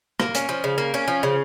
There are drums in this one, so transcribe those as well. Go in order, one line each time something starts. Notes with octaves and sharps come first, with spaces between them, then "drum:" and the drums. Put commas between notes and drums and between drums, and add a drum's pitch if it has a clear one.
A#3, drum: rim click
C#4, drum: hi-hat
F3
C#3
A#3
C#4
F3
C#3